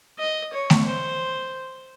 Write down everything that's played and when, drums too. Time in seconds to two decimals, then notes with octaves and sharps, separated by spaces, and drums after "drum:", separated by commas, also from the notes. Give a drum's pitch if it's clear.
0.19 D#5
0.53 C#5
0.70 drum: snare A3
0.87 C5